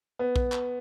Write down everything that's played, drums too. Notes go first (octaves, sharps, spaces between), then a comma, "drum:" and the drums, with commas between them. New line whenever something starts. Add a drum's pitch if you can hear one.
B3
drum: kick A#1
drum: clap